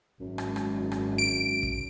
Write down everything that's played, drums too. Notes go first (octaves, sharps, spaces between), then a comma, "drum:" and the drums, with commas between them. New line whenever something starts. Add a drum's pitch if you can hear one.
G#1 F#2
drum: rim click
drum: rim click
drum: rim click
D7
drum: kick